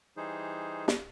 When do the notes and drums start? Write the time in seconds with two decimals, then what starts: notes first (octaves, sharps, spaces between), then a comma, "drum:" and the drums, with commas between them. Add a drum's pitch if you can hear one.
0.17 E3 G3 D#4 G#4 C5
0.88 drum: snare